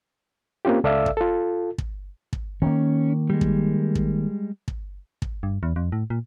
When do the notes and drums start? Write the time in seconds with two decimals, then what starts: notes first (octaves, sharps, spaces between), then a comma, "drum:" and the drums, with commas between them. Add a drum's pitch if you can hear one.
0.65 A#3 C4 C#4 F4 G4
0.84 C#2 A4 D5 E5 F5 E6
1.06 drum: kick
1.17 F4 A4
1.78 drum: kick
2.33 drum: kick
2.62 D#3 A#3 C#4
3.30 G3 G#3
3.41 drum: kick
3.95 drum: kick
4.68 drum: kick
5.22 drum: kick
5.43 G2
5.63 E2
5.76 F2
5.92 A2
6.10 A#2